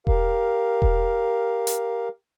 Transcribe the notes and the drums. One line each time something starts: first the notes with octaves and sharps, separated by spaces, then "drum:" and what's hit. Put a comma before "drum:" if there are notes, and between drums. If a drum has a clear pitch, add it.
G4 A#4 F5, drum: kick E1
drum: kick E1
drum: hi-hat